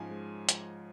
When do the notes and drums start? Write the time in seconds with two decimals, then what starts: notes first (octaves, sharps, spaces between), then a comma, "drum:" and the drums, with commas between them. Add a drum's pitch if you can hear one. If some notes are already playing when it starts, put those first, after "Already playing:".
Already playing: G#2 F3 C#4 G#5
0.11 G#3
0.49 F3, drum: hi-hat